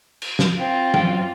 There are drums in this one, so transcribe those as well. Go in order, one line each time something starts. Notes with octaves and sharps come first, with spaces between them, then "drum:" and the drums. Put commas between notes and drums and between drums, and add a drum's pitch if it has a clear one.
drum: cymbal
drum: snare
C4 F4
F#2 G5, drum: tom